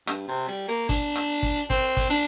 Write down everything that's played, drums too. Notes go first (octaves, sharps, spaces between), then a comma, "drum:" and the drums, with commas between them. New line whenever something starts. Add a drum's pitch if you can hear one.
G2, drum: rim click
C3
G3
A#3
D4, drum: kick, hi-hat
drum: rim click
drum: kick
C4, drum: kick
drum: kick, hi-hat
D4